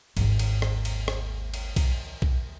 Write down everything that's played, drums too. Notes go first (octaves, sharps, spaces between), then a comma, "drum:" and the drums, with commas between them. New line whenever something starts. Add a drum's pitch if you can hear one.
G#1 D#2, drum: cymbal
drum: cymbal
drum: rim click
drum: cymbal
drum: rim click
drum: cymbal
drum: kick, cymbal
drum: kick